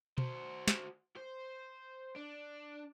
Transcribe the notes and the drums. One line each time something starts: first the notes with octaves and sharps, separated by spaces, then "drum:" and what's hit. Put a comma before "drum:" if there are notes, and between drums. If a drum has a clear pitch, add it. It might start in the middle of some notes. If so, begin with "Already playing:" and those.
F#4 C5, drum: tom B2
drum: snare
C5
D4